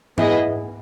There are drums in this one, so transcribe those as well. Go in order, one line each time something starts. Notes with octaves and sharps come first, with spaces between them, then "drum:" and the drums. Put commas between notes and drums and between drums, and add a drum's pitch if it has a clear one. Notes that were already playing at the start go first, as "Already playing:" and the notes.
B3 E4 G#4 D#5, drum: tom G#2